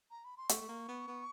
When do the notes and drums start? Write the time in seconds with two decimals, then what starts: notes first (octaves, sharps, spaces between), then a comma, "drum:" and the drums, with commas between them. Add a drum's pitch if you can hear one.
0.11 A#5
0.25 B5
0.37 C6
0.49 A3 C#6, drum: hi-hat
0.61 A3
0.68 A#3
0.88 B3
1.07 B3